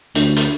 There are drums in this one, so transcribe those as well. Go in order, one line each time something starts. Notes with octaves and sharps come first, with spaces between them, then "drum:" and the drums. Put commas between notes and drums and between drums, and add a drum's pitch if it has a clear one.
D2, drum: hi-hat
drum: hi-hat